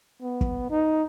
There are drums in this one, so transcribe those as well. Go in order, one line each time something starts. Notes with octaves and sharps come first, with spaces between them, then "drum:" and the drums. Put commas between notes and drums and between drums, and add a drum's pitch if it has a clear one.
B3
drum: kick
D#4